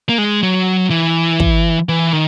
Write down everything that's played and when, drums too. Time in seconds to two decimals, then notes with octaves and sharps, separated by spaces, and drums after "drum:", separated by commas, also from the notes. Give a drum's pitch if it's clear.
0.09 A#3
0.18 G#3
0.43 F#3
0.90 E3
1.40 drum: kick
1.89 E3
2.13 D#3